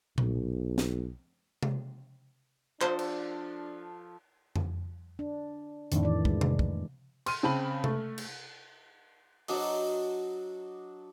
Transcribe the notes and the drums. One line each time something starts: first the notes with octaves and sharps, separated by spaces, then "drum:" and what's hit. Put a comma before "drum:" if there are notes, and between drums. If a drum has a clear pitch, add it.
B1, drum: tom A#2
drum: snare
drum: tom C3
F3 D4 A4 C5, drum: clap
drum: cymbal
drum: tom F2
D4
F2 A2 D#3 D4, drum: hi-hat
E3 D5
G#3, drum: kick
drum: tom C3
drum: kick
C6 F6 D#7, drum: cymbal
C#3 C4 A5 B5 F#7
A3, drum: tom C3
drum: cymbal
F#3 D4 F#4 D#5, drum: open hi-hat